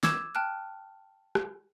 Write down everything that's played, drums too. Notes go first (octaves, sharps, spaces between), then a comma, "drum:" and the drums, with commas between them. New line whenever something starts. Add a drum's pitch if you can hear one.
D6 E6 G#6 E7, drum: snare
G5 A5 F6 F#6
drum: rim click